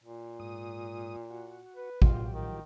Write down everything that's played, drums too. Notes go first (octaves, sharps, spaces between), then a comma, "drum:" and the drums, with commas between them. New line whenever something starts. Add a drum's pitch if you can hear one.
A#2
G#2 D#6
F#4
B4
A#1 F3 F#3 F4 G4, drum: kick
D#3